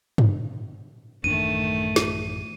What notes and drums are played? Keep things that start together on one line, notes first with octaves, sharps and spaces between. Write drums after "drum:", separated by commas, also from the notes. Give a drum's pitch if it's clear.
drum: tom G2
A1 F#2 D#3 A3 D4 D#7
drum: snare